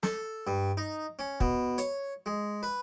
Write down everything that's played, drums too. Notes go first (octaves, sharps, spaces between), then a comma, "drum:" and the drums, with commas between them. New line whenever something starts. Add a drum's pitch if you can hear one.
A4, drum: snare
G2
D#4
C#4
B2, drum: kick
C#5, drum: hi-hat
G#3
B4